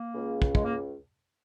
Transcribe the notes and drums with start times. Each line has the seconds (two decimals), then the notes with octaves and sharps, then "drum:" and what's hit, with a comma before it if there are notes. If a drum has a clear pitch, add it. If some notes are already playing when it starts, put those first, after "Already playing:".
Already playing: A#3
0.13 C#2 C#3
0.42 drum: kick
0.55 G#3, drum: kick
0.64 A#3